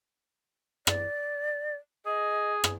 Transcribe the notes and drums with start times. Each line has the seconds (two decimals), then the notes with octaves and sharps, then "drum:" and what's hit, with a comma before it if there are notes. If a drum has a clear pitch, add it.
0.87 D5, drum: rim click
2.06 G#4 D#5
2.64 drum: rim click